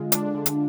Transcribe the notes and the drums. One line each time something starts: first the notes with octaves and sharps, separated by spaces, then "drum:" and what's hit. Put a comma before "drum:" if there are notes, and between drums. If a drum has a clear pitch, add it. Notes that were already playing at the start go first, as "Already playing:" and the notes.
Already playing: D3 G#3 F4
D4, drum: hi-hat
D3
drum: hi-hat